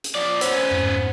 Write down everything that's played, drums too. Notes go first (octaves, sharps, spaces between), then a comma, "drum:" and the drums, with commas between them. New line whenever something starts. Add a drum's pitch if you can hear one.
drum: hi-hat
F3 D5
B3 C#4 C5 E6, drum: hi-hat
F2 G#2